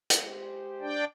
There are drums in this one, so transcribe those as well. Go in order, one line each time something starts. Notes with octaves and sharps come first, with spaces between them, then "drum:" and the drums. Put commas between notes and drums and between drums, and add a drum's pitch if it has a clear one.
drum: hi-hat
G#3 G4 C5
D4 D5 G5